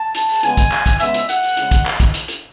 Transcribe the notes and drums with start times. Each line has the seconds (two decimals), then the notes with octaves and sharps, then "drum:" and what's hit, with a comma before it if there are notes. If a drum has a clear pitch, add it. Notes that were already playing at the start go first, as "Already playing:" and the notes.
Already playing: A5
0.15 drum: hi-hat
0.29 drum: open hi-hat
0.43 C#3 G#3 B3 G#5, drum: hi-hat
0.57 drum: kick, hi-hat
0.72 drum: clap
0.86 drum: kick, hi-hat
1.00 C#3 G#3 B3 E5, drum: hi-hat
1.14 drum: hi-hat
1.29 F#5, drum: hi-hat
1.43 drum: open hi-hat
1.57 C#3 G#3, drum: hi-hat
1.71 drum: kick, hi-hat
1.86 drum: clap
2.00 drum: kick, hi-hat
2.14 drum: hi-hat
2.28 drum: hi-hat